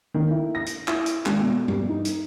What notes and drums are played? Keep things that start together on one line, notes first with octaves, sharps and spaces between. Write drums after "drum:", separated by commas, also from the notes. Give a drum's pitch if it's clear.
D#3
E4
A#6
drum: hi-hat
E4, drum: clap
drum: hi-hat
G#1, drum: clap
B2
G3, drum: tom
D#4
drum: hi-hat